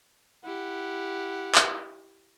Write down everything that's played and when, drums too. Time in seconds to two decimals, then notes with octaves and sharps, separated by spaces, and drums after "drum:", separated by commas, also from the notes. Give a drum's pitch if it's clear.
0.44 E4 G4 F#5
1.55 drum: clap